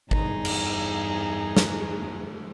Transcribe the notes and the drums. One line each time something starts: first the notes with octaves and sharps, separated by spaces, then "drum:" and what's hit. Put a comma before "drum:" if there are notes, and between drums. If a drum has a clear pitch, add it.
E2 G2 D#4 G#4, drum: kick G#1
drum: cymbal
drum: snare